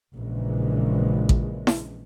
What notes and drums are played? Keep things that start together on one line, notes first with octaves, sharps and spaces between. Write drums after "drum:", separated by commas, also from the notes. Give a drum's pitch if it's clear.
A#1 A#2 C#3 E3 G#3
drum: kick A1
drum: snare E4